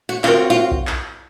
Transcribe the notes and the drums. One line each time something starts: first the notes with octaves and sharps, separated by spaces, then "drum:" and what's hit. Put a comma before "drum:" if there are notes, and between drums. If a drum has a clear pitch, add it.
F#4
C4 F4 F#4 A#4, drum: clap
F4
drum: kick A#1
drum: clap